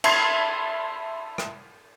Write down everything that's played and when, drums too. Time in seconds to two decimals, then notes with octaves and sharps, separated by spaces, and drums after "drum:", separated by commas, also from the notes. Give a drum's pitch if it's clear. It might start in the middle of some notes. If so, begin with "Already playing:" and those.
0.04 E5 A5 B5 C6 G#6 C7, drum: cymbal
1.38 drum: rim click